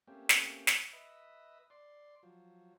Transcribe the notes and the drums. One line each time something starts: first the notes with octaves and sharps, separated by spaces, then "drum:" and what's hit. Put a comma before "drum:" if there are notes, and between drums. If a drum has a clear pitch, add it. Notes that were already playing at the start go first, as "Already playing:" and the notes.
A3 A#3 C4 C#4 G4
drum: snare
drum: snare
B4 D#5 E5
D5 C6
F3 F#3